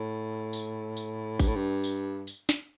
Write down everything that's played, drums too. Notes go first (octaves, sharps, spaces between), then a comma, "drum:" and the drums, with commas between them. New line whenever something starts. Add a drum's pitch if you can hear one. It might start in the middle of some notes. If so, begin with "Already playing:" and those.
Already playing: A2
drum: tambourine
drum: tambourine
G2, drum: kick A1, tambourine
A2
G2
drum: tambourine
drum: tambourine
drum: snare